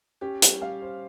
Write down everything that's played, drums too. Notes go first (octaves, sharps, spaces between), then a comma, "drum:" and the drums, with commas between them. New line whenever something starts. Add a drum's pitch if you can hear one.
C#4 G4
G3, drum: hi-hat
G3 F5
C5